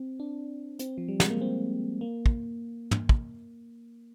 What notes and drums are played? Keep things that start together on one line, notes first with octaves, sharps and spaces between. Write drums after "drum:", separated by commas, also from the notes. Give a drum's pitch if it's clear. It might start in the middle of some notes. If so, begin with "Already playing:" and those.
Already playing: C4
D4
C4, drum: hi-hat
F3
G3
G#3, drum: snare
A#3
C4
A#3
drum: kick
drum: tom
drum: kick